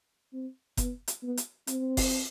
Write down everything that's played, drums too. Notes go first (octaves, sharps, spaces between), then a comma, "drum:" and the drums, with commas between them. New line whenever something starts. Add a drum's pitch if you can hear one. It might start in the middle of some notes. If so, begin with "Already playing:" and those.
C4
B3, drum: kick F#1, hi-hat
drum: hi-hat
B3
drum: hi-hat
C4, drum: hi-hat
drum: kick F#1, open hi-hat